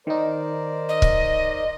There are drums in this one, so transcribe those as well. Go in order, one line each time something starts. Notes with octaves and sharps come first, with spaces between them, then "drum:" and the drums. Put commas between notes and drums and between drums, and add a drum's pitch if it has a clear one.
D#3 D#4 A#4 C5 D5
D#5
drum: kick